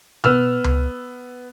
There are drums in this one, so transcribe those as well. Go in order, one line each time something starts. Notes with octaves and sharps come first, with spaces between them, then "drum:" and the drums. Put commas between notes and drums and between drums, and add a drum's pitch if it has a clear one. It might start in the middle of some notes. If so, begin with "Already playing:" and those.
B3 E6 F6, drum: tom B2
drum: tom C#2